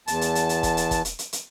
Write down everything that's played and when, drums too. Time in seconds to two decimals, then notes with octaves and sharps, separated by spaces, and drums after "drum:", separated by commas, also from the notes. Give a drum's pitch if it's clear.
0.07 E2 A5, drum: hi-hat
0.21 drum: hi-hat
0.35 drum: hi-hat
0.49 drum: hi-hat
0.63 drum: kick, hi-hat
0.77 drum: hi-hat
0.91 drum: kick, hi-hat
1.05 drum: hi-hat
1.19 drum: hi-hat
1.33 drum: hi-hat